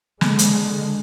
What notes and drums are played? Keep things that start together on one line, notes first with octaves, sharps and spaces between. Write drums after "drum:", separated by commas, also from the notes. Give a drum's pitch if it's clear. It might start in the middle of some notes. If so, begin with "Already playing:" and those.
D3 G#3, drum: snare
drum: hi-hat